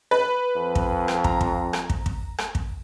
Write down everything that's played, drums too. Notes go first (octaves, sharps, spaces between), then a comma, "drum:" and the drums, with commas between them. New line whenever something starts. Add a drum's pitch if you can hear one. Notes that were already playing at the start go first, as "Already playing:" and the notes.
B4
F2
drum: kick
drum: rim click
A#5, drum: kick
drum: kick
drum: rim click
drum: kick
drum: kick
drum: rim click
drum: kick